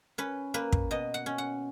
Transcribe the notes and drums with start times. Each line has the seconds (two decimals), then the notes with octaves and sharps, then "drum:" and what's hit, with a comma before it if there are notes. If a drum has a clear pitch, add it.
0.18 C#4 B4
0.54 A#3 B4
0.72 drum: kick
0.91 B2 D#5
1.14 F#5
1.26 C#4
1.38 F#5